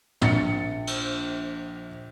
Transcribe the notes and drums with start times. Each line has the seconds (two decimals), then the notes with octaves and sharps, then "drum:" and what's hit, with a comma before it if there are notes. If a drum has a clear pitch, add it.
0.21 A#1 A6 C#7, drum: tom
0.87 drum: cymbal